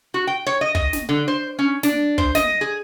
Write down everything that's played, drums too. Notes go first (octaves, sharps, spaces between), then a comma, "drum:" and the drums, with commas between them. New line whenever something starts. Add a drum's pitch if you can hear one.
F#4
G5
C#5
D#5
D#5, drum: kick
drum: snare
D3
C5
C#4
D4, drum: snare
C5, drum: kick
D#5, drum: snare
G#4